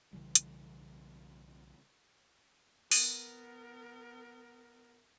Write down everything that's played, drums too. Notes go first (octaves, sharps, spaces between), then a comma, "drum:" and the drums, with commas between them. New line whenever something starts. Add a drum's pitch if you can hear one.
B1 C#3 E3 G3
drum: hi-hat
B3 A#4, drum: open hi-hat